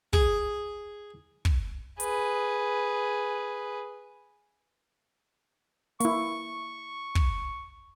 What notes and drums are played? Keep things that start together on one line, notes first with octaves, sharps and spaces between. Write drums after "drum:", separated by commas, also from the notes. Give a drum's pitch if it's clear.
G#4, drum: kick
drum: kick
G#4 B4, drum: hi-hat
A#3 E4 C#6, drum: hi-hat
drum: kick